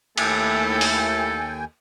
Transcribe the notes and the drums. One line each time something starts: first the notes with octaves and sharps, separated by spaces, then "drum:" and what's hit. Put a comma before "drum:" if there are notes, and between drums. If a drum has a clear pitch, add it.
D#2 A3 E4 A4 G5 G#5, drum: cymbal
drum: open hi-hat